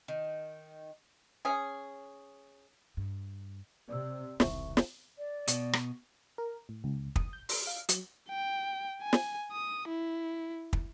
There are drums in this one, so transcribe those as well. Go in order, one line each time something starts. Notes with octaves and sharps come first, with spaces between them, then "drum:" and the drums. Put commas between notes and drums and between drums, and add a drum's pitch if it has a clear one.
D#3
C#4 G#4
G2
C3 D5 E6
E1 C2 D#3 E5 C#6, drum: snare
drum: snare
D5
B2, drum: hi-hat
drum: rim click
A#4
A2
C#2
D#6, drum: kick
G6
C6, drum: open hi-hat
F5
F#3, drum: hi-hat
G5
G#5
drum: snare
D#6
E4
drum: kick